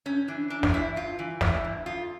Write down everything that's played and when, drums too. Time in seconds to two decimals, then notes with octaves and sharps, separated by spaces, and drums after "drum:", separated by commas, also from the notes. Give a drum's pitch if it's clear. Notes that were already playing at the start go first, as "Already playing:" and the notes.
0.05 G2 C#4
0.28 E3 D4
0.50 E3 D4
0.63 D4, drum: snare
0.73 G2 E4
0.96 G2 F4
1.19 E3
1.41 E3 E4, drum: snare
1.64 G2
1.86 F2 F4